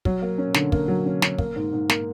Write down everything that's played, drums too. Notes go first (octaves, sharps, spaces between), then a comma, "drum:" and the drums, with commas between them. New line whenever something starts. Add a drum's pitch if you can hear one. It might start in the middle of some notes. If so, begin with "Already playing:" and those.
F#3, drum: kick
A#3
C#4
D3, drum: snare
A#3, drum: kick
F#3
C#4
C#4, drum: snare
A#3, drum: kick
G#2
G#2
A#3, drum: snare